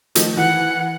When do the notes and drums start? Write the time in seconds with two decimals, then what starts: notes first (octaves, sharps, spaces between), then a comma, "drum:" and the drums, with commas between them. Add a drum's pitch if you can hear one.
0.15 D#3 F3 A3, drum: hi-hat
0.37 E3 F#5